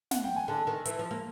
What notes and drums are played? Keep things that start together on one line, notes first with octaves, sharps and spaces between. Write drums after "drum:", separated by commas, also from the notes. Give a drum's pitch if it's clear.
F#5, drum: snare
G5
G#5
D3 A5
D#3
E3, drum: hi-hat
F3
A#3